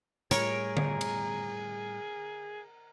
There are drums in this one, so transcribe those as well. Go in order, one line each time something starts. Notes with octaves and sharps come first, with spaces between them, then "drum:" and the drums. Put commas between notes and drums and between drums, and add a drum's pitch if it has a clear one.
A2 G3 G#4 A#4 C#5, drum: hi-hat
drum: tom D3
drum: cymbal